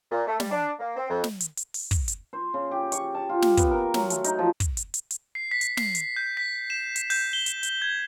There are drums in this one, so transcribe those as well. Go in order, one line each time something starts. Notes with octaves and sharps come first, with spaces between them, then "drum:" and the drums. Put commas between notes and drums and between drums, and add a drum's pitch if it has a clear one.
A#2
A3
G3, drum: snare
D4
A#3
C4
F2
drum: snare
drum: hi-hat
drum: hi-hat
drum: open hi-hat
drum: kick, hi-hat
drum: hi-hat
C5
C#3
G4
C#6, drum: hi-hat
A5
F4
drum: snare
B3, drum: kick, hi-hat
A#4
F#3, drum: snare
A3, drum: hi-hat
D#4, drum: hi-hat
F3
drum: kick, hi-hat
drum: hi-hat
drum: hi-hat
drum: hi-hat
C7
B6
drum: hi-hat
C7, drum: snare
drum: hi-hat
G6
B6
E7
drum: hi-hat
G6, drum: open hi-hat
G7
drum: hi-hat
drum: hi-hat
G#6